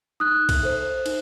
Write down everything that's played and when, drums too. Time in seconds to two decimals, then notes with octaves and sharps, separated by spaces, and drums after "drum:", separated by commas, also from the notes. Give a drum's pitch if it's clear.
0.20 D#4 D#6 F#6
0.49 drum: kick B1, cymbal
0.63 A4 C5
1.06 D#4, drum: cymbal